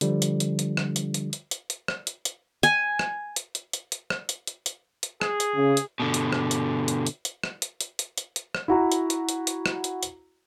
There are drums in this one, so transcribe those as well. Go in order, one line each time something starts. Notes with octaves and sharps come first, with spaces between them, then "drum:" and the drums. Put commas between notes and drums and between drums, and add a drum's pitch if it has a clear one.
D3 F3 G3, drum: hi-hat
drum: hi-hat
drum: hi-hat
drum: hi-hat
drum: rim click
drum: hi-hat
drum: hi-hat
drum: hi-hat
drum: hi-hat
drum: hi-hat
drum: rim click
drum: hi-hat
drum: hi-hat
G#5, drum: hi-hat
drum: rim click
drum: hi-hat
drum: hi-hat
drum: hi-hat
drum: hi-hat
drum: rim click
drum: hi-hat
drum: hi-hat
drum: hi-hat
drum: hi-hat
G#4, drum: rim click
drum: hi-hat
C#3
drum: hi-hat
B2 D3
drum: hi-hat
drum: rim click
drum: hi-hat
drum: hi-hat
drum: hi-hat
drum: hi-hat
drum: rim click
drum: hi-hat
drum: hi-hat
drum: hi-hat
drum: hi-hat
drum: hi-hat
drum: rim click
E4 F#4 A#5
drum: hi-hat
drum: hi-hat
drum: hi-hat
drum: hi-hat
drum: rim click
drum: hi-hat
drum: hi-hat